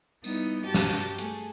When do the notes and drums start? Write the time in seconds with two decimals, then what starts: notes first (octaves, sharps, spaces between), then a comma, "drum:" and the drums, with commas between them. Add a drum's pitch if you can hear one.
0.24 G3 B3 D#4 E4, drum: tambourine
0.65 G2 F#4 G4 G5 A5 A6
0.74 drum: snare
1.19 A3 G#4 A4, drum: hi-hat